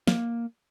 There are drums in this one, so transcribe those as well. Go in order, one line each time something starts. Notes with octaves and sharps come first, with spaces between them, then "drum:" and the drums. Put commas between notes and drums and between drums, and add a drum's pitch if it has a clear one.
A#3, drum: snare